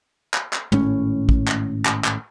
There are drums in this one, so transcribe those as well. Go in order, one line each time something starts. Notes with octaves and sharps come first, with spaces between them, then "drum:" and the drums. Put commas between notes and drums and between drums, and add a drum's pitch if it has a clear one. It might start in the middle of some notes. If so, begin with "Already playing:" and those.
drum: clap
drum: clap
G#1 A2 C#4, drum: tom
drum: kick
drum: clap
drum: clap
drum: clap